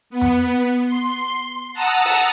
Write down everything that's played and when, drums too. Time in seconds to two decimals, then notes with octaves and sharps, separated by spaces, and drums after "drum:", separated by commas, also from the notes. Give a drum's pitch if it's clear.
0.10 B3
0.21 drum: tom F2
0.85 C6
1.73 F#5 A5 A#5 D#6 E6
2.05 drum: open hi-hat